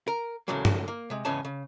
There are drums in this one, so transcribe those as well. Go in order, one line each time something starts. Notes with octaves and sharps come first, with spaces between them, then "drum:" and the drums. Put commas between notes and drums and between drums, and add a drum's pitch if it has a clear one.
A#4
E2 A2 C#3 F#3 G#3 A#3
drum: tom G2
A#3
C3 G#3
E2 G#2 C#3 B3 C#4 A5
C#3